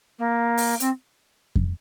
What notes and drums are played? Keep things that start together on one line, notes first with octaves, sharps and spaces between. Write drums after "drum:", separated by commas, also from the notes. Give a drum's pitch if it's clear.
A#3
drum: open hi-hat
C4, drum: hi-hat
drum: kick F2